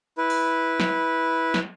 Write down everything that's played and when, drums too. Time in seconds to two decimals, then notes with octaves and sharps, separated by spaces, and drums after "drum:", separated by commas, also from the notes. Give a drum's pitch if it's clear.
0.18 E4 B4
0.30 drum: open hi-hat
0.80 drum: snare
1.54 drum: snare